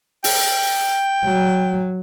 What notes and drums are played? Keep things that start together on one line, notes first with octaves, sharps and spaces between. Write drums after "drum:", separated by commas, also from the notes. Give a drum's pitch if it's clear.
G5, drum: open hi-hat
F#3